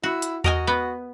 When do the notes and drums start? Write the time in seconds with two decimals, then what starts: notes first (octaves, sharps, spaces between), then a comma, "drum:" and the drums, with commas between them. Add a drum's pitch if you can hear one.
0.03 E4 F#4
0.22 drum: hi-hat
0.44 F#4 A#4 D#5 G#5, drum: tom E2
0.67 B3